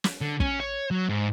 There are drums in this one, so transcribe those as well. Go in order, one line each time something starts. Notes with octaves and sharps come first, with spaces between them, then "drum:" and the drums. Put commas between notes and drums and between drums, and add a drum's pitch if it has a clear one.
drum: snare
D3
C#4, drum: kick
C#5
F#3
G#2